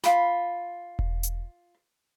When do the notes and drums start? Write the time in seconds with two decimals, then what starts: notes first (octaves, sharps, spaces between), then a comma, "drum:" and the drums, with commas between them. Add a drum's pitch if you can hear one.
0.04 F4 B5, drum: snare
0.99 drum: kick E1
1.23 drum: hi-hat